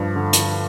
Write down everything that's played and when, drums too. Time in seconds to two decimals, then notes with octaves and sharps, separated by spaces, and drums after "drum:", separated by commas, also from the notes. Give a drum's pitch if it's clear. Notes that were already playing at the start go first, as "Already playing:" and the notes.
Already playing: G2 F3
0.15 D3
0.33 drum: hi-hat